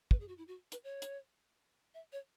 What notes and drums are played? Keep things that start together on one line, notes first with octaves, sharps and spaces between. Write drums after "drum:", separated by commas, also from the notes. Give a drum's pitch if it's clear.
B4, drum: kick
G#4
F#4
E4
F#4
B4, drum: hi-hat
C#5
drum: hi-hat
E5
C#5